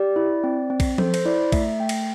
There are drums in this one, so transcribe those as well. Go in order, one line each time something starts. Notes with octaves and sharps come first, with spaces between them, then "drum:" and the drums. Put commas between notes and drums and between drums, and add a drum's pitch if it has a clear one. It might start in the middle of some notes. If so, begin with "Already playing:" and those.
Already playing: G4 D5
E4
C4
C4
drum: kick A#1, cymbal
A4 C5, drum: tom F3
C5, drum: cymbal
E4 D5
A3 E5, drum: kick A#1, cymbal
A3 G5
drum: cymbal